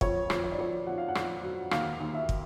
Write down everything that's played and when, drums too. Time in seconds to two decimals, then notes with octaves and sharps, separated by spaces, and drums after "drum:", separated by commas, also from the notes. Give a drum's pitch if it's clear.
0.01 F2 C#5, drum: kick
0.30 F2, drum: rim click
0.44 C#5
0.52 D5
0.58 F2 C#5
0.87 F2 F#5
0.98 F5
1.08 F#5
1.15 F2, drum: rim click
1.43 F#3
1.71 D#2 F5, drum: rim click
2.00 D#2
2.14 E5
2.29 drum: kick